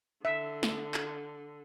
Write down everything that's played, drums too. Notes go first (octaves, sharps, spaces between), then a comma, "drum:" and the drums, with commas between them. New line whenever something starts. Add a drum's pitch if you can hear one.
D3 E5
drum: snare
drum: clap